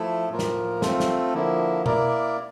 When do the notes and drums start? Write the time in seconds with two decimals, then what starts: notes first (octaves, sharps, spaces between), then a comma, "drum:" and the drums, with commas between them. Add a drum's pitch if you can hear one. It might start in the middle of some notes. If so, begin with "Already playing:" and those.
Already playing: F3 A3 E4 A4
0.29 A2 F3 A#3 F4 A#4
0.39 drum: snare
0.82 A3 C4 F4 A4, drum: snare
1.00 drum: snare
1.33 D3 F3 A#3 E4
1.86 A#3 E4 A#4 D5, drum: tom B2